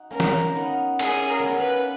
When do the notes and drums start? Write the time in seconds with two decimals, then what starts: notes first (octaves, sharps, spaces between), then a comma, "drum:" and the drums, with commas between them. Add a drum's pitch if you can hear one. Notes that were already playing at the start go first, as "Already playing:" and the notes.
Already playing: D#4 F#4
0.11 A#3 C#4 A#4
0.20 drum: snare
0.55 B3 D#4
0.99 A#3 C#4 G#4, drum: cymbal
1.29 A#4
1.40 A#3 B3 C#4
1.59 B4